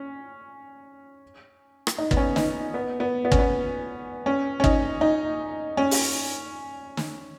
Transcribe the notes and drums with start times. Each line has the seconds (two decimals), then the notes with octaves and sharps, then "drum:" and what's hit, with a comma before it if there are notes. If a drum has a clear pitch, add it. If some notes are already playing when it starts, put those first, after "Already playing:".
Already playing: C#4
1.87 drum: rim click
1.98 D#4
2.11 B3, drum: kick
2.17 C#4
2.36 D#4, drum: snare
2.74 B3
3.00 B3
3.25 B3
3.32 C#4, drum: kick
3.39 B3
4.26 C#4
4.60 C#4
4.64 D#4, drum: kick
5.01 D#4
5.77 C#4
5.91 drum: open hi-hat
6.97 drum: snare